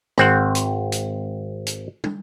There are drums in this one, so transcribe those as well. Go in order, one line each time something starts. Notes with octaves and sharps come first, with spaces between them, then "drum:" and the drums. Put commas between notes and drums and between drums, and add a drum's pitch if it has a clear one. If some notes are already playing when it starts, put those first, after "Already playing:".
G#1 C4 F#5, drum: rim click
drum: hi-hat
drum: hi-hat
drum: hi-hat
drum: tom